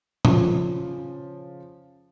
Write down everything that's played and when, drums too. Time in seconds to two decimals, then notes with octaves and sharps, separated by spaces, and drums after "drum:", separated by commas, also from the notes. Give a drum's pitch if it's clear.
0.25 C#3 F3, drum: tom A#2